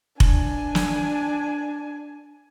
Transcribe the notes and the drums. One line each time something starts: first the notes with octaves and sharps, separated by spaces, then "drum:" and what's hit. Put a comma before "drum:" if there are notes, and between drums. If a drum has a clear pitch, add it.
D4 G#5, drum: kick F1
drum: snare